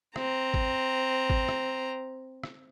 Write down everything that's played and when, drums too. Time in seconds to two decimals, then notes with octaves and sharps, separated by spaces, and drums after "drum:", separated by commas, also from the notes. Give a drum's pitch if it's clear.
0.16 C4 A#5, drum: rim click
0.54 drum: kick
1.30 drum: kick
1.49 drum: rim click
2.43 drum: rim click